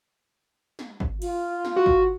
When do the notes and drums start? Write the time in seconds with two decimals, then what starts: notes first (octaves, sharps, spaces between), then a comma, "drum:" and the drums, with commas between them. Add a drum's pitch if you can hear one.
0.79 drum: snare
1.00 drum: kick
1.22 F4, drum: cymbal
1.65 drum: snare
1.76 F#4
1.86 drum: kick